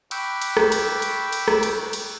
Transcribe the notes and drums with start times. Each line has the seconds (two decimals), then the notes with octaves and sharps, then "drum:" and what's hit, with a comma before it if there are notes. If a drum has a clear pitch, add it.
0.11 G5 B5 C#6 D6 E6 F#6, drum: cymbal
0.42 drum: cymbal
0.57 drum: rim click
0.72 drum: cymbal
1.02 drum: cymbal
1.32 drum: cymbal
1.48 drum: rim click
1.63 drum: cymbal
1.93 drum: cymbal